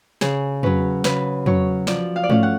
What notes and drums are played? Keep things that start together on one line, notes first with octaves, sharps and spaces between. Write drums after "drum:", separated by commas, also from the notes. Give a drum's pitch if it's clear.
C#3 G#4, drum: snare
F#3 C#4 B4, drum: tom
C#3 B4, drum: snare
F#3 C#4 C#5, drum: tom
F3 D5, drum: snare
F5
D5
A3 C#4 F5, drum: tom
F#5